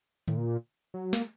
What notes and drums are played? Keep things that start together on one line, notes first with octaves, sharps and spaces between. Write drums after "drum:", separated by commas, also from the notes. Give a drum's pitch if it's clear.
A2, drum: tom D3
A#2
F#3
A#3, drum: snare